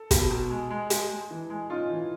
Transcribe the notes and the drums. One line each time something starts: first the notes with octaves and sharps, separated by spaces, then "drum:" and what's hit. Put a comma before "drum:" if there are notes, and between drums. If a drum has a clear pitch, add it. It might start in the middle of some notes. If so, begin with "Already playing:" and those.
Already playing: A4
B2, drum: kick, hi-hat
B2
G#3
G#3
G#3, drum: hi-hat
G#3
E3
G#3
C#4 D#4 F4
E3